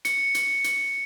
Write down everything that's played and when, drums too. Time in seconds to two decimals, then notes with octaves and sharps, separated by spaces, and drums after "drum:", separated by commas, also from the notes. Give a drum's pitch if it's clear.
0.05 C#7, drum: hi-hat
0.35 drum: hi-hat
0.64 drum: hi-hat